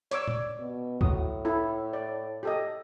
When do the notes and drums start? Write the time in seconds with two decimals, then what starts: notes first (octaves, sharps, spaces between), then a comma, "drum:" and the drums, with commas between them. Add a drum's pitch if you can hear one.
0.11 C#5 D5 D6 E6, drum: hi-hat
0.28 drum: tom
0.59 B2
1.01 A2 F#4 D#6, drum: kick C#2
1.45 E4 A4
1.93 D5
2.43 G4 A4 D#5